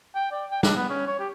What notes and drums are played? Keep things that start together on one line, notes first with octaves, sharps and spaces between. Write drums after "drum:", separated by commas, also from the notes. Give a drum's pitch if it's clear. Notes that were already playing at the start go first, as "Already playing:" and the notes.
G5
D5
G5
D4, drum: snare
B3
C#4
C#5
G4